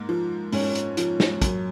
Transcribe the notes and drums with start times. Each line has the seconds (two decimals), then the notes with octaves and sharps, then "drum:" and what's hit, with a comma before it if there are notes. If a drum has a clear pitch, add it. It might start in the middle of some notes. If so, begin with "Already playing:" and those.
Already playing: G#2 A#3
0.09 F3
0.53 G#2 C#4, drum: open hi-hat
0.75 drum: hi-hat
0.97 F3, drum: hi-hat
1.20 drum: snare
1.41 F#2, drum: kick, hi-hat